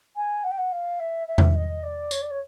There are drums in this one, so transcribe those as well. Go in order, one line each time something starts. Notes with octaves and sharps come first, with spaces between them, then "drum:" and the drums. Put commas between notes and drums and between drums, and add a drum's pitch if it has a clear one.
G#5
F#5
G5
F#5
F5
E5
E5
drum: tom E2
D#5
D5
C#5, drum: tambourine
D5
C#5